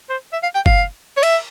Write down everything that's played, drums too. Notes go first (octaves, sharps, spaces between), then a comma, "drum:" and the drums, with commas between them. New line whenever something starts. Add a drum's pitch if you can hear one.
C5
E5
F5
G5
F5, drum: kick F#1
C#5
E5, drum: cymbal